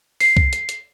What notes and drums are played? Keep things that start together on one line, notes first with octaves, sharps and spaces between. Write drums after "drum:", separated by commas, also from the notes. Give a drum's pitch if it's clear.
C7, drum: open hi-hat
drum: kick C2
drum: hi-hat
drum: hi-hat